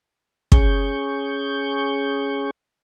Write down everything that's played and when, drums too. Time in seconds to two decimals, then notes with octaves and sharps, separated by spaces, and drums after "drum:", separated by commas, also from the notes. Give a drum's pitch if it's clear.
0.52 C#4 G#4 C#6 G6, drum: kick